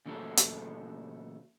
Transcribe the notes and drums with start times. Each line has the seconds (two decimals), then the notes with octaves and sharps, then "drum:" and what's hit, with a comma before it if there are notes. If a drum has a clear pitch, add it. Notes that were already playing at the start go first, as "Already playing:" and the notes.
0.06 A#2 C#3 E3 F#3 A3 A4
0.37 drum: hi-hat